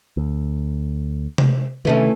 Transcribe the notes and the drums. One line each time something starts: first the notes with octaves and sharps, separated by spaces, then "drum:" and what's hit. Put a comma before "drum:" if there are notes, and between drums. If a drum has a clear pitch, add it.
D2
drum: tom C3
C3 D#3 E3 A3 C#4